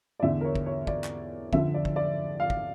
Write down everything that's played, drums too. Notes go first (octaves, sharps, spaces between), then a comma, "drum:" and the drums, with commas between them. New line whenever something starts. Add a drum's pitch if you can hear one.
D5
E2 D3 E5
A#4
C#5
drum: kick
C#5
D5, drum: kick
drum: clap
F2 D3 E5, drum: kick
D5
drum: kick
D5
F5
drum: kick